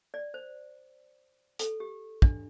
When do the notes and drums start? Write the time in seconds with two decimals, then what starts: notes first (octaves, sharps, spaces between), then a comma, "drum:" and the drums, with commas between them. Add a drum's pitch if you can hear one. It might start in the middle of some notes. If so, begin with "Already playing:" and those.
0.14 D5
0.34 C5
1.59 A4, drum: hi-hat
1.80 G4
2.22 D4, drum: kick